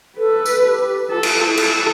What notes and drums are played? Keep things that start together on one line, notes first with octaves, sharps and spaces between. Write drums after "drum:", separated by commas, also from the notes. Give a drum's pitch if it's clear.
A4 B4
drum: tambourine
G4
F4 A4
F4, drum: cymbal
F4
E4
A4, drum: cymbal